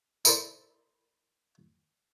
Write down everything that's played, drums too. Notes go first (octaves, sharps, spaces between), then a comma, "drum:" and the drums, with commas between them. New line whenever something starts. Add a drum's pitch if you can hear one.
D#4 E4 A4 A#4 C5 D5, drum: tambourine